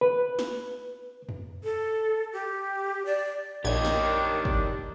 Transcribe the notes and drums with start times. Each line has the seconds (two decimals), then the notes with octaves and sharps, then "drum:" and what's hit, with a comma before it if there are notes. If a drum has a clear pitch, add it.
0.01 B4
0.39 drum: snare
1.29 drum: tom E2
1.64 A4
2.33 G4
3.06 D5
3.64 A#1 D#3 D4 G4 C#5 D#5 G#6
3.85 drum: snare
4.45 drum: kick